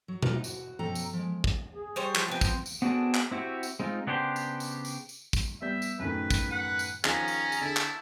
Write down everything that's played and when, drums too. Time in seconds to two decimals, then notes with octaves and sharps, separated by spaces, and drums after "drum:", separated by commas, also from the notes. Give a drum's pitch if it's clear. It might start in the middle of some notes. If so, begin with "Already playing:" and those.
0.08 F#3
0.23 F#3 A#3 D4 D#4 F4 F#4, drum: tom B2
0.44 F#4, drum: tambourine
0.79 F#2 B2 F3 A4 G5 A#5
0.95 drum: tambourine
1.13 F3 G#3
1.44 drum: kick
1.74 G#4
1.96 G3 C5 C#5
2.15 F3, drum: clap
2.28 B3 C4
2.41 drum: kick, tambourine
2.66 drum: tambourine
2.82 B3 C4 D4 F#4 G#4 A4
3.14 drum: clap
3.31 C4 E4 F#4 G4
3.63 drum: tambourine
3.80 G#3 C4 D#4 F4
4.07 C#3 B3 D4 G4 C5
4.36 drum: tambourine
4.60 drum: tambourine
4.85 drum: tambourine
5.09 drum: tambourine
5.33 drum: kick, tambourine
5.62 G3 B3 E5 G6
5.82 drum: tambourine
6.00 F#2 A2 D#3 B4
6.31 drum: kick, tambourine
6.51 B4 F#5
6.79 drum: tambourine
7.05 D#3 F3 C#4 G#4 A#5, drum: clap
7.28 drum: tambourine
7.52 drum: tambourine
7.61 D3 E4 A5
7.76 drum: clap